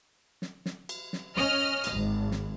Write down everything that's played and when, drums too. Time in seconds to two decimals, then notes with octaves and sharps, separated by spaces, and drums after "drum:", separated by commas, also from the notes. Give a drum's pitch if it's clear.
0.42 drum: snare
0.66 drum: snare
0.89 drum: cymbal
1.13 drum: snare
1.37 C#4 D#5 F6, drum: snare
1.84 drum: cymbal
1.93 G#1
2.31 drum: snare